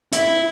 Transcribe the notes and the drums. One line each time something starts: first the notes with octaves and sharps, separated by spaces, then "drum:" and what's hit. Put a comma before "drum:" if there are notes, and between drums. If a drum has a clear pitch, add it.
E4, drum: hi-hat